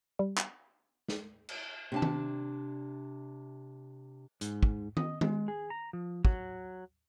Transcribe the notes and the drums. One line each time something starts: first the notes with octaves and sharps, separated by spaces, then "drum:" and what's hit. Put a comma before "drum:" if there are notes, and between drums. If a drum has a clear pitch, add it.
G3
drum: clap
drum: snare
drum: cymbal
C3 D4 A5
drum: tom
G#2, drum: hi-hat
drum: kick
D#5, drum: tom
G#3, drum: tom
G#4
A#5
F3
F#3, drum: kick